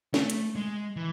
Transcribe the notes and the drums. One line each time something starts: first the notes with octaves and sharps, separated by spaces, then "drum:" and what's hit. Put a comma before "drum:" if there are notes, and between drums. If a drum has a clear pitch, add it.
A3, drum: snare
drum: hi-hat
G#3
E3